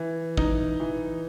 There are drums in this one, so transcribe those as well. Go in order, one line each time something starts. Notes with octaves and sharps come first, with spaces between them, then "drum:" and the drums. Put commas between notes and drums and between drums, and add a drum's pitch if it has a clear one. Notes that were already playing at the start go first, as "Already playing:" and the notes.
Already playing: E3
D#4, drum: kick
E3